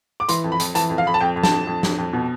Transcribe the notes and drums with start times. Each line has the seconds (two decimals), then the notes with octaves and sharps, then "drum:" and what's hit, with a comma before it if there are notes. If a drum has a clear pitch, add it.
0.20 D6
0.28 E3 C6, drum: hi-hat
0.44 F2
0.52 B5
0.60 F2, drum: hi-hat
0.75 E3 A5, drum: hi-hat
0.90 F2
0.98 F5
1.06 F2 B5
1.14 A5
1.21 F2 G5
1.36 F2
1.43 A5, drum: snare
1.52 F2
1.67 F2
1.83 F2, drum: snare
1.98 F2
2.13 B2